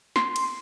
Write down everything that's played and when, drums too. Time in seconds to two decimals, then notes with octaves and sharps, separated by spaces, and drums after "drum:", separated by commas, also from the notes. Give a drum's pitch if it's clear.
0.16 C6, drum: snare
0.36 drum: cymbal